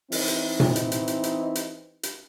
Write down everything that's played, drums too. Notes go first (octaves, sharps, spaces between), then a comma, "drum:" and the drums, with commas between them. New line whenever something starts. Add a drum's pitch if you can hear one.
E3 C4 D#4 D#5, drum: open hi-hat
drum: hi-hat
drum: tom A#2
drum: hi-hat
drum: hi-hat
drum: hi-hat
drum: hi-hat
drum: hi-hat
drum: hi-hat